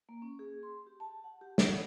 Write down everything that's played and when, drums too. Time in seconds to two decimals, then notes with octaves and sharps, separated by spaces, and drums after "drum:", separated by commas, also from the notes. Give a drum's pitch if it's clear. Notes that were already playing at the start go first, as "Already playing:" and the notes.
0.09 A#3
0.22 C#4
0.39 G#4
0.63 C6
0.86 G4
1.00 A5
1.24 F#5
1.41 G4
1.58 F#5, drum: snare
1.72 B3